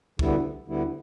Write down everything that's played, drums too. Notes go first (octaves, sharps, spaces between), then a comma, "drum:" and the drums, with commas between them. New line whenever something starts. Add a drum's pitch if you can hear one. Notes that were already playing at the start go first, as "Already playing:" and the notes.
D2 D3 G3 B3 E4, drum: kick
D2 D3 G3 B3 E4